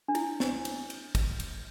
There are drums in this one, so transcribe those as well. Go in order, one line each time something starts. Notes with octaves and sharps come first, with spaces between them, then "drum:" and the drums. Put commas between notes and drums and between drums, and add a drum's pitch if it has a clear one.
D4
E4, drum: cymbal
drum: snare
drum: cymbal
drum: cymbal
drum: kick, cymbal
drum: cymbal